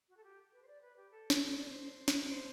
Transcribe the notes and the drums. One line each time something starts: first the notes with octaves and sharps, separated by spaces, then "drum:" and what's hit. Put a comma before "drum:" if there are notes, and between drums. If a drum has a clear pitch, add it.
F#4
A4
G4
B4
C5
D5
B4
G4
A4
drum: snare
A4
D5
C5
drum: snare
B4
C5